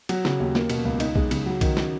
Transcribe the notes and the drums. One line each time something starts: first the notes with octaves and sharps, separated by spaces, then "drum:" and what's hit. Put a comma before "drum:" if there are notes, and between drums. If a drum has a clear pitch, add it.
F#3, drum: cymbal
C#3, drum: snare
D#2
A#3, drum: snare
B2, drum: cymbal
C#2
D#4, drum: cymbal
G#3, drum: kick B1
C#3, drum: cymbal
F#3
D#3, drum: kick B1, cymbal
drum: snare